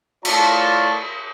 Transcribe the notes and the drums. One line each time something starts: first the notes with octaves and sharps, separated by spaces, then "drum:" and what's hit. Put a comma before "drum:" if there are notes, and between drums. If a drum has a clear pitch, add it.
A3 E4 F4 C#5 D5 A5, drum: cymbal